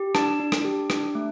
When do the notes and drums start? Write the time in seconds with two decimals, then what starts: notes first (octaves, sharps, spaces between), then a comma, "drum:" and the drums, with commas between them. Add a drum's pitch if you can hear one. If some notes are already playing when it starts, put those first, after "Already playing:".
Already playing: G4
0.15 D4 A5, drum: rim click
0.40 D4
0.52 drum: rim click
0.65 G4
0.90 D4, drum: rim click
1.15 A3